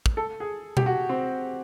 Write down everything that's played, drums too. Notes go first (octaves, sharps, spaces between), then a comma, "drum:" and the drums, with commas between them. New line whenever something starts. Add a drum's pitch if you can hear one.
drum: kick
A4
G#4
G4, drum: tom B2
F#4
C4